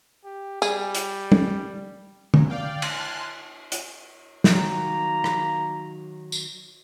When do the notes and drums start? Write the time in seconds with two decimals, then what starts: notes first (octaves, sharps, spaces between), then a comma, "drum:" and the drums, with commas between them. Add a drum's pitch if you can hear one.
0.24 G4
0.62 G3 G#4, drum: tambourine
0.95 drum: hi-hat
1.32 drum: tom
2.34 C#2 G#2 F#3, drum: tom
2.50 D5 F5 G5
2.82 G#5 A5 C6 F6 F#6, drum: cymbal
3.72 drum: hi-hat
4.44 D#3 F#3 A#3 A#5, drum: snare
5.24 drum: rim click
6.32 drum: tambourine